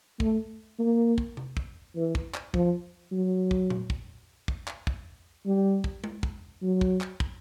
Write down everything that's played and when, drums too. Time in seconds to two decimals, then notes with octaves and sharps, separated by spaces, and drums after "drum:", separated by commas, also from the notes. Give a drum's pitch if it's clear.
0.20 A3, drum: kick
0.79 A#3
1.18 drum: kick
1.37 drum: tom C3
1.57 drum: kick
1.96 E3
2.15 drum: kick
2.34 drum: clap
2.54 F3, drum: kick
3.12 F#3
3.51 drum: kick
3.70 drum: tom A#2
3.90 drum: kick
4.48 drum: kick
4.68 drum: clap
4.87 drum: kick
5.46 G3
5.84 drum: kick
6.04 drum: tom G#3
6.23 drum: kick
6.62 F#3
6.81 drum: kick
7.01 drum: clap
7.20 drum: kick